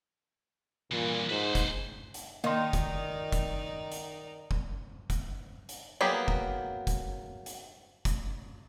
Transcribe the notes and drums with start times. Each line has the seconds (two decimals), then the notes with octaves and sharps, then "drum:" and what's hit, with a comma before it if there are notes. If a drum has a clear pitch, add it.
0.91 G2 A#2 E3
1.30 G#2 B4 C5
1.55 drum: kick, hi-hat
2.14 drum: hi-hat
2.44 D#3 A#3 D#4 D5 C6
2.73 drum: kick, hi-hat
3.32 drum: kick, hi-hat
3.92 drum: hi-hat
4.51 drum: kick
5.10 drum: kick, hi-hat
5.69 drum: hi-hat
6.01 F#3 A#3 B3 G4 G#4
6.28 drum: kick
6.87 drum: kick, hi-hat
7.46 drum: hi-hat
8.05 drum: kick, hi-hat